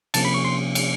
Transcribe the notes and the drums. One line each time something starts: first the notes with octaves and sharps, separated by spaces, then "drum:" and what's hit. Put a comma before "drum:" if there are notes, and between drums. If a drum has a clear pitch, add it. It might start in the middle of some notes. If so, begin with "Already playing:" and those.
C3 F3 A#3 C#4 A5, drum: cymbal
B5
C#6
C6
drum: cymbal